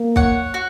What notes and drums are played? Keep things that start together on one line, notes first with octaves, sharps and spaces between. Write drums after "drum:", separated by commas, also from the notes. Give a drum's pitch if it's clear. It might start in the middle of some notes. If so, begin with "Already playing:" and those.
Already playing: A#3
C#5 F#5, drum: kick
F#4